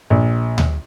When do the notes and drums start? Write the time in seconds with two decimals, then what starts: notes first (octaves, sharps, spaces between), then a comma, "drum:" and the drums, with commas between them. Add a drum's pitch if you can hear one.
0.10 A#1
0.58 drum: tom D2